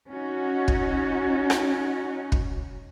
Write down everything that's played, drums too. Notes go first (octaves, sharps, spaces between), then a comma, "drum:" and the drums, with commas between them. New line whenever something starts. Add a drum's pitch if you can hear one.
C#4 D#4 F#4
drum: kick
drum: rim click
drum: kick